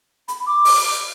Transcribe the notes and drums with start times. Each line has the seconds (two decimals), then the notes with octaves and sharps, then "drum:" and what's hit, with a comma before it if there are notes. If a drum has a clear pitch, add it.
0.28 B5, drum: hi-hat
0.47 D6
0.65 drum: open hi-hat